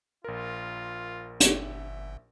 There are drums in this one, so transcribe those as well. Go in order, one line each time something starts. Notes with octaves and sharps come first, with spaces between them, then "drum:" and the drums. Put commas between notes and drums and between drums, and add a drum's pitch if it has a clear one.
A#1 F4 A#4
G1 G4 C#5 E5, drum: hi-hat